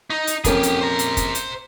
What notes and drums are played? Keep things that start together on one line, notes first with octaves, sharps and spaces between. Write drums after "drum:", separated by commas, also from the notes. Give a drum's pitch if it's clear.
D#4
drum: hi-hat
F2 A#3 C#4 G4 G#4, drum: kick, hi-hat
drum: hi-hat
C5 A#5
drum: hi-hat
drum: kick, hi-hat
drum: hi-hat